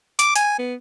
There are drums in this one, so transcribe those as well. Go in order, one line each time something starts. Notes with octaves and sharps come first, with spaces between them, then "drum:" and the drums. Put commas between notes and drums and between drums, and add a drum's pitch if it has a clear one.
D6, drum: hi-hat
G#5, drum: hi-hat
B3